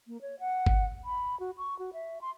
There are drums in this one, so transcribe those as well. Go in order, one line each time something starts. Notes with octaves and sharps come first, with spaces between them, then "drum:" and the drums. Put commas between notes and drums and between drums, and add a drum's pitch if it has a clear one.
A#3
C#5
F#5
drum: kick G1
B5
F#4
C#6
F#4
E5
C6